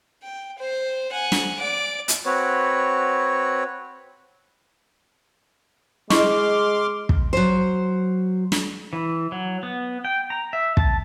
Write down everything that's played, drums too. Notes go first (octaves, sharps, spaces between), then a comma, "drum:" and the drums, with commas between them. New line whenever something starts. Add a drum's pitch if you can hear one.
G5
C5
F#5 G#5
drum: snare
D5 D6
drum: hi-hat
C4 F#4 B4 C#5
G#3 E4 D#5 C6 D6 F6, drum: snare
drum: kick
F#3 C5
drum: snare
E3
F#3
B3
G5
A#5
E5
A5, drum: kick